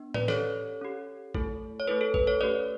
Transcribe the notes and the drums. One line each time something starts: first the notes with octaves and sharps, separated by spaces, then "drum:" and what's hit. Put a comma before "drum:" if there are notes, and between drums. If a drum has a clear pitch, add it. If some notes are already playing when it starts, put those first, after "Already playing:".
Already playing: B3 D4
B4 D5, drum: tom A2
C#4 G4 A4 C#5, drum: snare
C#4 G4
A3 E4 A4, drum: kick A1
C#5
A3 E4 A4 B4
A4
B4, drum: kick A1
A4 C#5
A3 C#4 G4 B4 D5